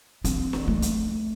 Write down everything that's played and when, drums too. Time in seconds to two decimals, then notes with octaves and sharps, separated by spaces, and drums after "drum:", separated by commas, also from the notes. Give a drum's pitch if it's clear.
0.24 C4, drum: hi-hat
0.53 drum: snare
0.68 A3
0.82 drum: hi-hat